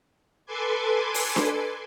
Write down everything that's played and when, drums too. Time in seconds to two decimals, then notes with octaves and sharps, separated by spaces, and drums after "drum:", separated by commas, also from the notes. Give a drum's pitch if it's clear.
0.46 A4 B4 G#5 C6 D6 G#6
1.14 drum: open hi-hat
1.36 drum: snare D4